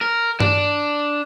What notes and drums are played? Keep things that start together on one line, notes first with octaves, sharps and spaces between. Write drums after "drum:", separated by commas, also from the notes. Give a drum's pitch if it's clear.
A#4
D4, drum: tom G2